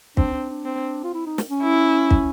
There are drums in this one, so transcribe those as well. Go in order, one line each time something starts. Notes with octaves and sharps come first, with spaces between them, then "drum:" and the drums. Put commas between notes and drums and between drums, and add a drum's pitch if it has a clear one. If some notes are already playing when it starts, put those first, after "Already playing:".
C4 D4, drum: kick
D4
D4
C4
F4
E4
D#4
drum: snare
C#4
E4
drum: kick